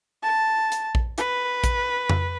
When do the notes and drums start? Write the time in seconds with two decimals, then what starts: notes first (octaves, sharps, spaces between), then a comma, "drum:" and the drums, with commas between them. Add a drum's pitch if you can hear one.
0.23 A5
0.72 drum: hi-hat
0.95 drum: kick A#1
1.18 B4, drum: hi-hat
1.64 drum: kick A#1, hi-hat
2.09 drum: tom F2